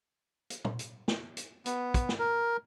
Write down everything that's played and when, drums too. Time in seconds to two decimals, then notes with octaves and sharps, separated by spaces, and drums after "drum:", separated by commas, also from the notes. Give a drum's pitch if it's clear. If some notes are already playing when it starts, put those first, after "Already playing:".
0.50 drum: hi-hat
0.65 drum: tom A#2
0.79 drum: hi-hat
1.08 drum: snare
1.37 drum: hi-hat
1.66 B3, drum: hi-hat
1.94 drum: kick, hi-hat
2.09 drum: snare
2.19 A#4